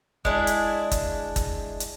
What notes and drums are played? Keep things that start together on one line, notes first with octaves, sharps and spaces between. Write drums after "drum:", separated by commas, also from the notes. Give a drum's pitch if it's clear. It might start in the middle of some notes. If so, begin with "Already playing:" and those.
G#3 D4 E4, drum: kick
drum: hi-hat
drum: kick, hi-hat
drum: kick, hi-hat
drum: hi-hat